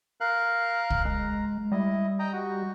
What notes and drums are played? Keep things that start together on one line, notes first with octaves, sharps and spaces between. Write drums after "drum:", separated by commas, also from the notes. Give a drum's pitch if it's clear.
A#4 F5 F#6
drum: kick
G#3 A#5
G3 E4 D#5
D#5 G5 A#5
F#4